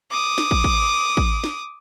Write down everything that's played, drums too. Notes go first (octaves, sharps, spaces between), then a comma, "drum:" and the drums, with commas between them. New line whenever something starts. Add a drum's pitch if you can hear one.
D6 D#6
drum: snare
drum: kick
drum: kick
drum: kick
drum: snare